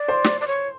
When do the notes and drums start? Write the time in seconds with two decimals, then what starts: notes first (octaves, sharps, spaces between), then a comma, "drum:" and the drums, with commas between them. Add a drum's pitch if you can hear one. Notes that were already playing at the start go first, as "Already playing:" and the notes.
Already playing: D5
0.08 C5 C6
0.24 drum: snare
0.41 D5
0.47 C#5